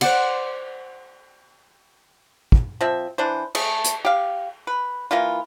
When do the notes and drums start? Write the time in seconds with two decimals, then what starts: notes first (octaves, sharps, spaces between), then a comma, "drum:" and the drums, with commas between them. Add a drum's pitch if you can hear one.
0.01 C5 D5 F#5 C6, drum: cymbal
2.52 drum: kick
2.81 F3 C4 E5
3.18 E3 D4 C5
3.55 A3 G#4, drum: cymbal
3.84 drum: hi-hat
4.05 G4 F5
4.67 B4
5.11 E3 A#3 E4 F4